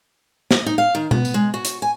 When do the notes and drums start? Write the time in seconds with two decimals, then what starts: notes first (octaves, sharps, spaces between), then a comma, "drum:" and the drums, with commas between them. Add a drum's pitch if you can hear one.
0.51 D#5, drum: snare
0.66 D#4
0.78 F5
0.95 D#3
1.11 B3, drum: tom B2
1.25 drum: tambourine
1.34 G#3
1.54 F#4
1.65 drum: hi-hat
1.82 G#5